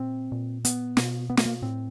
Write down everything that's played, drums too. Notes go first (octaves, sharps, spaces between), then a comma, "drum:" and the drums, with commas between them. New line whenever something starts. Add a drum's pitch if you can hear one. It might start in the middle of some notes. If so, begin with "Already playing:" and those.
Already playing: A#2 C4
A#2
B3, drum: hi-hat
B2, drum: snare
B3
A3, drum: snare
A#3
A2 C4